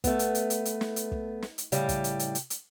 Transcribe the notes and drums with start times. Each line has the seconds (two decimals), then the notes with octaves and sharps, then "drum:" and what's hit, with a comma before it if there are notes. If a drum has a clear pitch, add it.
0.04 A3 B3, drum: kick, hi-hat
0.19 drum: hi-hat
0.35 drum: hi-hat
0.50 drum: hi-hat
0.65 drum: hi-hat
0.81 drum: snare
0.96 drum: hi-hat
1.12 drum: kick
1.42 drum: snare
1.58 drum: hi-hat
1.72 A2 C#3 G3 G4, drum: hi-hat
1.89 drum: kick, hi-hat
2.04 drum: hi-hat
2.19 drum: hi-hat
2.35 drum: hi-hat
2.50 drum: hi-hat